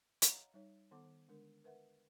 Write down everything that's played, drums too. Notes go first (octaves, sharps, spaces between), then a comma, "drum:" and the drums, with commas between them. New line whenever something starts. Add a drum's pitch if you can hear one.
C#5 D#5 F5 F#5 A#5, drum: hi-hat
G3 D#4 C#5
D#3 B3 A4 F#5 D6
D#3
D3 G#3 D4 A#4
A#4 B4 E5 F#5